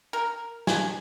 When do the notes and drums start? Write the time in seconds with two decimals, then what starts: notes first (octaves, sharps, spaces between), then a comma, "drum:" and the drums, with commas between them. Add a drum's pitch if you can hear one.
0.13 A#4
0.67 G#5, drum: snare